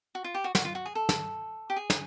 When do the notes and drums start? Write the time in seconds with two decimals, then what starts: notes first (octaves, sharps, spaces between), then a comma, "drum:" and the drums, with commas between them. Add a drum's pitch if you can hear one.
0.15 F#4
0.24 F4
0.35 G4
0.44 F#4
0.55 F#4, drum: snare
0.65 F4
0.75 F#4
0.85 G#4
0.95 A4
1.09 drum: snare
1.70 G4
1.76 G#4
1.90 drum: snare